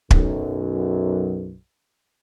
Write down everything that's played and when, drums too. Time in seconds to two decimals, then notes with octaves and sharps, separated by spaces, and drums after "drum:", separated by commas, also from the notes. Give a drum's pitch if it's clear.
0.11 B1 F#2, drum: kick